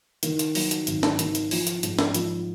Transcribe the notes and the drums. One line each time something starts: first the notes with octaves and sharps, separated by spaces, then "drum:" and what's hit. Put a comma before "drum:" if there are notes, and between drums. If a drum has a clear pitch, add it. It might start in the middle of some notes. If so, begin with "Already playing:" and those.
D#3, drum: hi-hat
drum: hi-hat
F#3, drum: open hi-hat
drum: hi-hat
G#1, drum: hi-hat
drum: snare
D#3, drum: hi-hat
drum: hi-hat
F3, drum: open hi-hat
drum: hi-hat
G#2, drum: hi-hat
drum: snare
F3, drum: hi-hat